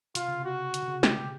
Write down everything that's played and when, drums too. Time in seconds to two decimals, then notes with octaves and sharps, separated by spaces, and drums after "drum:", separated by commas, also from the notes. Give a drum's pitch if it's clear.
0.15 C3 F4, drum: hi-hat
0.28 C#3
0.40 C3 F#4
0.74 D3, drum: hi-hat
0.83 C3
0.88 C#3
1.03 G4, drum: snare
1.18 B2